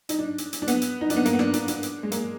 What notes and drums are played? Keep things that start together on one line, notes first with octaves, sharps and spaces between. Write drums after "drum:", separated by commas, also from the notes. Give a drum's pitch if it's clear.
D#4, drum: hi-hat
D4
drum: hi-hat
drum: hi-hat
D4
B3, drum: hi-hat
drum: hi-hat
D#4
D4, drum: hi-hat
B3
A#3, drum: hi-hat
B3
D4, drum: rim click
D4, drum: hi-hat
D4, drum: hi-hat
drum: hi-hat
G#3
A#3, drum: hi-hat